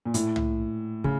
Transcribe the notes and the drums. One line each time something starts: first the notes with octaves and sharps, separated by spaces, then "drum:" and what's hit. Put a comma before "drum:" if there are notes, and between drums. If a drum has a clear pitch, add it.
A#2
A2, drum: hi-hat
drum: tom
C#3, drum: kick